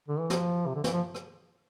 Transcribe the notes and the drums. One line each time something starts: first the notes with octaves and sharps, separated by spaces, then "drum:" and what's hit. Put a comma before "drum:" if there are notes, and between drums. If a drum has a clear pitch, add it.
D3
E3
F3, drum: snare
C3
D3
E3, drum: snare
F3
drum: rim click